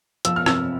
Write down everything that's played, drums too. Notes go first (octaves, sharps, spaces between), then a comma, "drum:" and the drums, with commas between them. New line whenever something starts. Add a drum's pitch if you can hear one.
F3 E6, drum: hi-hat
F6
C3 E6, drum: rim click